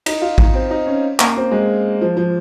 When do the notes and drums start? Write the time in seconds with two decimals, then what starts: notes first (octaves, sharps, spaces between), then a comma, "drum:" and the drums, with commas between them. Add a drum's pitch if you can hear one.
0.06 D#4, drum: cymbal
0.22 F4
0.38 D#4, drum: kick A1
0.54 C4
0.71 D#4
0.87 C#4
1.20 A#3, drum: clap
1.36 C4
1.51 G#3
2.01 F3
2.17 F3